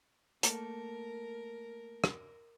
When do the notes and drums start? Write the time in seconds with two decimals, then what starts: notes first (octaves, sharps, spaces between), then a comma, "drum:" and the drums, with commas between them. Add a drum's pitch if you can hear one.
0.43 A3 A#3 A4 A#4, drum: hi-hat
2.04 drum: rim click